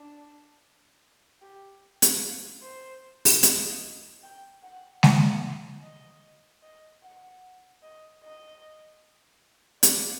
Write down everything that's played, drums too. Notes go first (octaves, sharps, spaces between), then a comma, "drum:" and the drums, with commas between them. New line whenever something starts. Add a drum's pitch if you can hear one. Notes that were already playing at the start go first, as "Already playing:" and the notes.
Already playing: D4
G4
drum: hi-hat
C5
drum: open hi-hat
D#5, drum: hi-hat
G5
F#5
D5, drum: snare
D#5
D#5
F#5
D#5
D#5
D5, drum: hi-hat